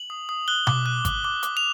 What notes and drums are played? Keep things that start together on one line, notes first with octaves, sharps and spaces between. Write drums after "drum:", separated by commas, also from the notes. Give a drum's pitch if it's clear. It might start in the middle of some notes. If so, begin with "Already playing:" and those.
Already playing: F#7
D#6
D#6
F#6 G7
D6, drum: tom B2
F#6
D6, drum: kick G#1, hi-hat
D6
D6, drum: hi-hat
F7